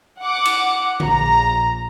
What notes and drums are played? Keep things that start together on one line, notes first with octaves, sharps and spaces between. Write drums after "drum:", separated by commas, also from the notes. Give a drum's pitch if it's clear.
F#5 D6
drum: cymbal
A#1 A#5, drum: tom D3